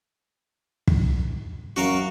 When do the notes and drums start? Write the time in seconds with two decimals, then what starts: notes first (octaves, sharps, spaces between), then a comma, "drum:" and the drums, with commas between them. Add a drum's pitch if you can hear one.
0.87 drum: kick
1.76 F#2 F#4 A#4 F5